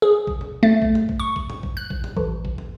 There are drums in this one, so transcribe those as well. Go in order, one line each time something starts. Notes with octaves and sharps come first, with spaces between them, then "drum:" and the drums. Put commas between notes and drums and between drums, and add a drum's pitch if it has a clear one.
G#4
drum: kick
drum: tom B2
A3
drum: kick
drum: tom G2
drum: kick
C#6
drum: kick
drum: tom G2
drum: kick
F#6
drum: kick
drum: tom G2
A1, drum: kick
drum: kick
drum: tom